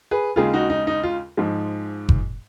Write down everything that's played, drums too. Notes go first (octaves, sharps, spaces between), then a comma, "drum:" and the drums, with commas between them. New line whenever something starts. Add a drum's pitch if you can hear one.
G#4 B4
D#2 C#3 G#3 F4 G#4
D#4 F#4
D#4
D#4
F4
G#2 F3 G#3
drum: kick F#1